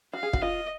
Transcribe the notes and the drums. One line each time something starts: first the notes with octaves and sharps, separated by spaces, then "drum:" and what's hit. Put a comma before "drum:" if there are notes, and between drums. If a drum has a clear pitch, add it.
F#4 F5
G#4
F#4, drum: kick
F4 D#5